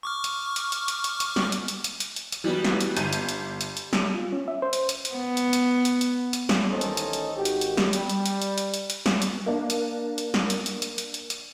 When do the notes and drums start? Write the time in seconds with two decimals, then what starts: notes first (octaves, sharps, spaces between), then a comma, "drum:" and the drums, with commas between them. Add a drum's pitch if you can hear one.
0.03 C#6 D6 F6
0.24 drum: hi-hat
0.56 drum: hi-hat
0.72 drum: hi-hat
0.88 drum: hi-hat
1.04 drum: hi-hat
1.20 drum: hi-hat
1.36 drum: snare
1.52 drum: hi-hat
1.68 drum: hi-hat
1.84 drum: hi-hat
2.00 drum: hi-hat
2.16 drum: hi-hat
2.32 drum: hi-hat
2.44 E3 F#3 G3 B3
2.64 drum: snare
2.81 drum: hi-hat
2.97 G1 G6 D#7, drum: hi-hat
3.13 drum: hi-hat
3.29 drum: hi-hat
3.61 drum: hi-hat
3.77 drum: hi-hat
3.93 drum: snare
4.14 F4
4.33 C#4
4.48 E5
4.62 C5
4.73 drum: hi-hat
4.89 drum: hi-hat
5.05 drum: hi-hat
5.15 B3
5.37 drum: hi-hat
5.53 drum: hi-hat
5.85 drum: hi-hat
6.01 drum: hi-hat
6.33 drum: hi-hat
6.49 drum: snare
6.70 A1 D#3 C#4 D#4 A4 C5
6.81 drum: hi-hat
6.97 drum: hi-hat
7.13 drum: hi-hat
7.35 G#1 D#3 F#4 G4
7.45 drum: hi-hat
7.61 drum: hi-hat
7.77 drum: snare
7.93 G3, drum: hi-hat
8.10 drum: hi-hat
8.26 drum: hi-hat
8.42 drum: hi-hat
8.58 drum: hi-hat
8.74 drum: hi-hat
8.90 drum: hi-hat
9.06 drum: snare
9.22 drum: hi-hat
9.46 A#3 D4
9.70 drum: hi-hat
10.18 drum: hi-hat
10.34 drum: snare
10.50 drum: hi-hat
10.66 drum: hi-hat
10.82 drum: hi-hat
10.98 drum: hi-hat
11.14 drum: hi-hat
11.30 drum: hi-hat